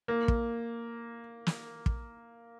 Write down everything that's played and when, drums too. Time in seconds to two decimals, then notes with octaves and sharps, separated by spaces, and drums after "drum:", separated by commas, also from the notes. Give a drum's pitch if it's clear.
0.08 A#3
0.28 drum: kick
1.47 drum: snare
1.86 drum: kick